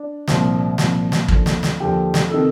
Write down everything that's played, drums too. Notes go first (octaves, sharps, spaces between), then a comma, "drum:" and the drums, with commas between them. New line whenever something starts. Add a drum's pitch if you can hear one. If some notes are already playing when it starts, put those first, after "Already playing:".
Already playing: D4
C2 A#2 F3, drum: snare
C2 A#2 F3, drum: snare
drum: snare
D#2 D3 F3, drum: kick
drum: snare
drum: snare
D#2 D3 F3 G4
drum: snare
C3 D#3 A4